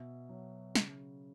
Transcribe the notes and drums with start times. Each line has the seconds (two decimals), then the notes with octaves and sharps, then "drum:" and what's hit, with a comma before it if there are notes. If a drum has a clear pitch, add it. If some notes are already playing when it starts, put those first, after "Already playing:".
Already playing: B2 E5
0.29 F#3
0.75 C#3, drum: snare